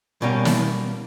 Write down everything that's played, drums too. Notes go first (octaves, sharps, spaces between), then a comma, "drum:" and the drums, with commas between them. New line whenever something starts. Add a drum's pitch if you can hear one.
B2 G3 A#3 C#4
drum: snare